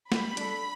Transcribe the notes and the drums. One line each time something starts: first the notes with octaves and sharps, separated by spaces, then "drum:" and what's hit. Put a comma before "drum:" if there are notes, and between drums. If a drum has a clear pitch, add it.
G3 B5, drum: snare
D4 A4, drum: hi-hat